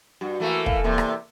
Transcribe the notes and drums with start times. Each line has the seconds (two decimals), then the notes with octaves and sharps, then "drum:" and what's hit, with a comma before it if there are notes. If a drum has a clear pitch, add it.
0.21 G2 F#4
0.40 E3 A3 A#3
0.66 F5, drum: kick
0.84 E2 C3 A#3
0.98 drum: rim click